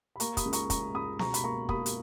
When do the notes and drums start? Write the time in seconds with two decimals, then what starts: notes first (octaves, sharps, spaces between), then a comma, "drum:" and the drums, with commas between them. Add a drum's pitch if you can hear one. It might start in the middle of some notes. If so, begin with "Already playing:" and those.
0.16 B5
0.20 A#3 A#5 C#6, drum: hi-hat
0.37 B5 D#6, drum: kick, hi-hat
0.45 C#2
0.53 A#5 C#6, drum: hi-hat
0.70 C#4 A#5 C#6, drum: kick, hi-hat
0.94 C#2 B5 D#6
1.19 B2 A#5 C#6, drum: snare B3
1.34 B5, drum: hi-hat
1.44 A#3 A#5 C#6
1.69 A#3 B5 D#6, drum: kick
1.86 drum: hi-hat